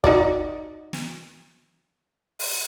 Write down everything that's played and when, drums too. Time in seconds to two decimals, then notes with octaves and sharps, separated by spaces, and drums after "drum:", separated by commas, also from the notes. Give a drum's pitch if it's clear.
0.04 D#4 F#4 D5, drum: kick
0.93 drum: snare
2.39 drum: open hi-hat